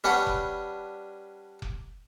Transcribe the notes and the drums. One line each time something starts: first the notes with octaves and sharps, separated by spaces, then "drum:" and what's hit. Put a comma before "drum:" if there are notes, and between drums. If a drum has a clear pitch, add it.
G3 C#4 D4 B4 F#5
drum: kick F1
drum: kick F1